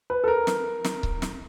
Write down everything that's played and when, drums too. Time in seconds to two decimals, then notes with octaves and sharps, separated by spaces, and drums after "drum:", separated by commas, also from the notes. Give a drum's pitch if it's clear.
0.10 B4
0.24 A4
0.28 A#4
0.47 drum: snare
0.84 drum: snare
1.03 drum: kick C#1
1.22 drum: snare